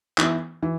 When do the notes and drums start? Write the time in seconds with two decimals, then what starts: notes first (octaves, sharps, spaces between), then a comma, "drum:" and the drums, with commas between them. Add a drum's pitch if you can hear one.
0.18 E3 B3 E4, drum: clap
0.63 E3